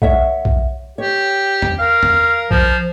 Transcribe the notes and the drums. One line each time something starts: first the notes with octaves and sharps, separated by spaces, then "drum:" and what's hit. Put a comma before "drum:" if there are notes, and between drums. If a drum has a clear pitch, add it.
C#5 E5 F#5, drum: kick B1
drum: kick B1
G4 C#5
drum: tom
A#4 F5
drum: tom
F3, drum: kick B1